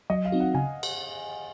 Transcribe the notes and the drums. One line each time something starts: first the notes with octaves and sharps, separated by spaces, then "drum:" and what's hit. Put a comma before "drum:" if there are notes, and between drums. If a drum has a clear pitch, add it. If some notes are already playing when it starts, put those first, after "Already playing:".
F#3 D#5
F5
C4 D#4 F#4
F#5
C#3 G#5
drum: cymbal